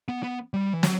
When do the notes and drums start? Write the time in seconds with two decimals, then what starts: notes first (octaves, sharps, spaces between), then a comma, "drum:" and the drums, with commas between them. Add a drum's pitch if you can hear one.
0.08 B3
0.23 B3
0.54 G3
0.73 E3
0.83 F#3, drum: snare